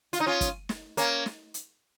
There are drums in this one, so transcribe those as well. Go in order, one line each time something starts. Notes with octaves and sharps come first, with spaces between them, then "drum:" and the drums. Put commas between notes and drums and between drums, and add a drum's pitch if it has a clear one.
F4, drum: hi-hat
D#4
C#4 F4
drum: kick, hi-hat
drum: snare
A#3 C#4, drum: hi-hat
drum: snare
drum: hi-hat